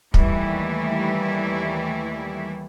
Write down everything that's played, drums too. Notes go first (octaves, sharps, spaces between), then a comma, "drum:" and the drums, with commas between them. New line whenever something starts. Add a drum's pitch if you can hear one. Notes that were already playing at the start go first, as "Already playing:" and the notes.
D#2 E3 G3 A3 E4, drum: kick